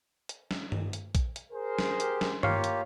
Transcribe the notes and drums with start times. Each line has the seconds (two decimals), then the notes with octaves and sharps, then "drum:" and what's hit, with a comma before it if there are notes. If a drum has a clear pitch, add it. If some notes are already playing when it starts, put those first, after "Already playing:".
0.29 drum: hi-hat
0.51 drum: snare
0.72 drum: tom G2
0.93 drum: hi-hat
1.15 drum: kick A#1, hi-hat
1.36 drum: hi-hat
1.53 G#4 A#4 C5
1.79 drum: snare
2.00 G4, drum: hi-hat
2.21 drum: snare
2.43 A#3 F4 G4 C#5 F5, drum: tom G2
2.64 drum: hi-hat